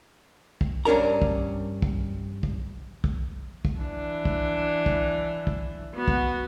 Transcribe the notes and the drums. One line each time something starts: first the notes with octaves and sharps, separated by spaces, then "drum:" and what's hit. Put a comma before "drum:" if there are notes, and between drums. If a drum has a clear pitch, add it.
drum: kick
G2 C#4 D4 A#4 A#5
drum: kick
drum: kick
drum: kick
drum: kick
drum: kick
E3 D4
drum: kick
drum: kick
drum: kick
B3 F#4
drum: kick